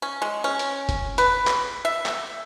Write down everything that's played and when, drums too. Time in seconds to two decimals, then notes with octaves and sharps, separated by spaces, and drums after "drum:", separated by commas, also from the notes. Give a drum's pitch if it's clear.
0.02 C#4
0.22 G#3
0.44 C#4
0.59 drum: hi-hat
0.89 drum: kick, hi-hat
1.18 B4, drum: hi-hat
1.47 drum: clap
1.85 E5
2.06 drum: clap